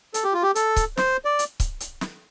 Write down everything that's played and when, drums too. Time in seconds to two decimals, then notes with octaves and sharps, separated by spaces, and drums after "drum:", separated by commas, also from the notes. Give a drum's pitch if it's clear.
0.14 A4, drum: hi-hat
0.24 G4
0.33 F4
0.42 G4
0.55 A4, drum: hi-hat
0.76 drum: kick C#1, hi-hat
0.97 C5, drum: snare
1.25 D5
1.39 drum: hi-hat
1.60 drum: kick C#1, hi-hat
1.80 drum: hi-hat
2.01 drum: snare